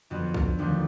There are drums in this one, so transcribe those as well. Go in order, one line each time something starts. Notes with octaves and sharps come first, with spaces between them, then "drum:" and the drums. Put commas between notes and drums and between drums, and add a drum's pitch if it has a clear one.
F2 D3 F#3 B3
drum: kick
D#2 D3 F3 A3